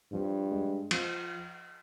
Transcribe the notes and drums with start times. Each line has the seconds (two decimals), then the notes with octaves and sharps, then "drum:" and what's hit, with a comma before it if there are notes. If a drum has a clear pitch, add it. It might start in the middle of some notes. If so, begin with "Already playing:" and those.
0.12 G2 F3
0.51 G#3
0.91 F3, drum: cymbal